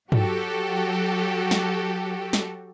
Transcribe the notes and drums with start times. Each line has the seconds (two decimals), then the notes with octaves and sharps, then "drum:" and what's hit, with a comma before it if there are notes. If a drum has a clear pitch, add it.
0.12 F#3 F#4 G4 A4, drum: tom G2
1.51 drum: snare
2.33 drum: snare